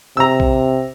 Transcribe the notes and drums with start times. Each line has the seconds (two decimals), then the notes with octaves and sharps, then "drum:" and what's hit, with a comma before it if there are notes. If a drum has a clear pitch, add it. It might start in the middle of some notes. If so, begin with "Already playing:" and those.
0.17 C3 A#5 E6
0.40 drum: kick A#1